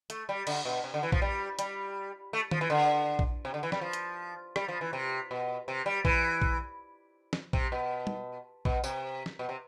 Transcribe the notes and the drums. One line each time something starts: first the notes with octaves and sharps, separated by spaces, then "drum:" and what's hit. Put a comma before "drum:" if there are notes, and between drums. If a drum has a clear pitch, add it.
A3, drum: hi-hat
G3
D3, drum: cymbal
B2
C3
D3
E3
F3, drum: kick A#1
G3
G3, drum: hi-hat
A3
F3, drum: tom
E3
D3
drum: kick A#1
C3
D3
E3
G3, drum: snare
F3
drum: hi-hat
G3, drum: rim click
F3
E3
C3
B2
C3
G3
E3, drum: kick A#1
drum: kick A#1
drum: snare
C3, drum: kick A#1
B2
drum: tom
B2, drum: kick A#1
C3, drum: tambourine
drum: snare
B2
C3